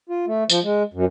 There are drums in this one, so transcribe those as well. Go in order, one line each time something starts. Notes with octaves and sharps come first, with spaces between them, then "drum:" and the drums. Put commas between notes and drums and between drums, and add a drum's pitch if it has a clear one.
F4
A3
F3, drum: tambourine
G#3
F#2